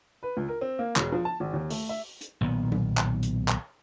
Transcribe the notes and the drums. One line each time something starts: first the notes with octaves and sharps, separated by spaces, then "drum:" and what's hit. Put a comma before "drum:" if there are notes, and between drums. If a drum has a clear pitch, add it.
B4
C#2
A#4
C4
A#3
E1, drum: clap
F3
A5
G#1
D#2
A3, drum: open hi-hat
E5
drum: hi-hat
B1 A#2 D#3 B3
drum: tom F#3
drum: clap
drum: hi-hat
drum: clap